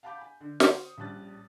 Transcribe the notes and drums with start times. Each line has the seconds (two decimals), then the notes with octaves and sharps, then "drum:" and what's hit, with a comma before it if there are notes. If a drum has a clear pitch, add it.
0.03 F5 F#5 A5 B5 D6 G6
0.18 G#5 B5
0.40 D3
0.60 F#4 C5 C#6 D#6, drum: snare
0.98 A#1 G3 C#4 A5 F#6 A6